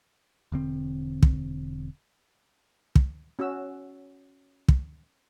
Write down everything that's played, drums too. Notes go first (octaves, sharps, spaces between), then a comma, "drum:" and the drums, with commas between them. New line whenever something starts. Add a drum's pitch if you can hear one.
E1 D3 C4
drum: kick
drum: kick
C#4 F#4 F#5 E6
drum: kick